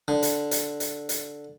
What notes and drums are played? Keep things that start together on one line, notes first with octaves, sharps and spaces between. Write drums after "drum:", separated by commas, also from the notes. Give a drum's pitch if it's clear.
D3
drum: hi-hat
drum: hi-hat
drum: hi-hat
drum: hi-hat